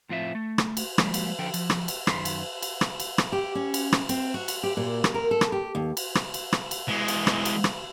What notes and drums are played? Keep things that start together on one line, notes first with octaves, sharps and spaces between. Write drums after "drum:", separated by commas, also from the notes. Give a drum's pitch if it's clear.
A2 F3 C4 F4 F#4 E5
A3
drum: rim click
drum: cymbal
F3 G3 G#3 A#3, drum: rim click
drum: cymbal
D3 F3 A4 G5
F3, drum: cymbal
drum: rim click
drum: cymbal
F#2 D#3 B5 C6, drum: rim click
drum: cymbal
drum: cymbal
drum: rim click
drum: cymbal
drum: rim click
G4
C#4
drum: cymbal
drum: rim click
C4, drum: cymbal
F#4
drum: cymbal
G4
A#2
drum: rim click
A#4
A4
drum: rim click
G4
D#2
drum: cymbal
drum: rim click
drum: cymbal
drum: rim click
drum: cymbal
E3 G#3
drum: cymbal
drum: rim click
drum: cymbal
drum: rim click